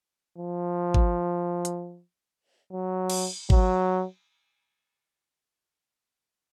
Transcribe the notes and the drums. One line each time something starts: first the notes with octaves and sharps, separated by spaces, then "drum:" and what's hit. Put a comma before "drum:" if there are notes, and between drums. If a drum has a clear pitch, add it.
F3
drum: kick G#1
drum: hi-hat
F#3
drum: cymbal
F#3, drum: kick G#1